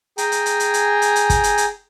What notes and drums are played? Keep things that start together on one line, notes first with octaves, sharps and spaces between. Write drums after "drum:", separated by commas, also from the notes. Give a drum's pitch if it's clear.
G#4 G5 G#5 A#5, drum: hi-hat
drum: hi-hat
drum: hi-hat
drum: hi-hat
drum: hi-hat
drum: hi-hat
drum: hi-hat
drum: kick, hi-hat
drum: hi-hat
drum: hi-hat